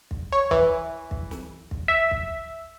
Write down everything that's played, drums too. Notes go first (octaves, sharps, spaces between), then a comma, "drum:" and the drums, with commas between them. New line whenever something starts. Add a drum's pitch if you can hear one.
drum: kick
C#5
E3, drum: kick
drum: kick
drum: snare
drum: kick
E5
drum: kick